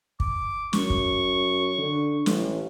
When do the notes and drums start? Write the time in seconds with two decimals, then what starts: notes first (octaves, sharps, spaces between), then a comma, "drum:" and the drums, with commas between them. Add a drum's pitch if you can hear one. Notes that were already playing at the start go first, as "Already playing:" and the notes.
0.20 D6, drum: kick
0.73 F#2 C#6, drum: snare
0.90 drum: kick
1.78 D3
2.26 A1, drum: snare